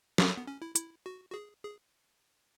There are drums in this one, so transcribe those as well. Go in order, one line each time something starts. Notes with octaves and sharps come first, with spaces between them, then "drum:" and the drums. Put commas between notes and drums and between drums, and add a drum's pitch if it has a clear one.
G#4, drum: snare
F#3
B3
C#4
E4
E4, drum: hi-hat
F#4
F#4
G#4
G#4